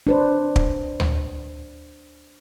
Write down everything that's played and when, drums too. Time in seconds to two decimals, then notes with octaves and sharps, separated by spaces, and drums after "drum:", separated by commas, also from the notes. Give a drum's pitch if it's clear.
0.07 D4 B4 C5
0.56 drum: kick
1.00 drum: tom D2